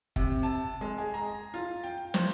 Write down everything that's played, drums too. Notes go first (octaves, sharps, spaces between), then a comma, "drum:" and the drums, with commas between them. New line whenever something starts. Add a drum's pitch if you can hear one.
C3, drum: kick F#1
A5
G#3
G#4
A#5
F4
G5
C5, drum: snare